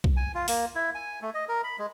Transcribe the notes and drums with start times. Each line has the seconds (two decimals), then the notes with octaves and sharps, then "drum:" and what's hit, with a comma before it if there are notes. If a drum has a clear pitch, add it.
0.04 drum: kick B1
0.16 G#5
0.34 F4
0.48 A#3, drum: open hi-hat
0.75 E4
0.95 G#5
1.22 A3
1.34 D#5
1.49 A#4
1.64 B5
1.79 G#3